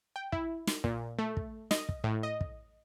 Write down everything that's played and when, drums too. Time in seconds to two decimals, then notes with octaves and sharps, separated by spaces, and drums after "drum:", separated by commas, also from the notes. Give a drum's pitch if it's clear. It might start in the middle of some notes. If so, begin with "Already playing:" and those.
0.16 G5
0.32 E4, drum: kick
0.67 drum: snare
0.84 A#2, drum: kick
1.19 A3
1.37 drum: kick
1.71 D#5, drum: snare
1.89 drum: kick
2.04 A2
2.23 D#5
2.41 drum: kick